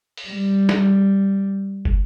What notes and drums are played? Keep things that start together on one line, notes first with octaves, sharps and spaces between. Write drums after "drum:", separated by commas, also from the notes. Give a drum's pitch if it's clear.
drum: open hi-hat
G3
drum: snare
drum: kick